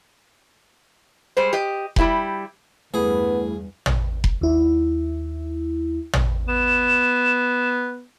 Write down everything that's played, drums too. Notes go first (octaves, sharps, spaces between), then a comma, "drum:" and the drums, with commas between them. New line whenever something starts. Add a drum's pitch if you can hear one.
G3 G#3 C5
G4 D#5
G3 E4 G4, drum: kick F1
E2 G2 A3 B3 E4 G#4
drum: tom
drum: kick F1
D#2 E4
drum: tom
B3 E7